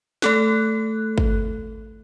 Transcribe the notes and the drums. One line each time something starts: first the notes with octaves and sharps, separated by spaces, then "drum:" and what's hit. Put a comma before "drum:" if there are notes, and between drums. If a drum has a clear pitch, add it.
A3 A4 F#6, drum: snare
drum: kick